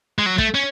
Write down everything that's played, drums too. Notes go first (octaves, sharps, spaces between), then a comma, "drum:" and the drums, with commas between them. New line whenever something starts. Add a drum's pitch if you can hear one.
G#3
F#3
A3, drum: kick
C#4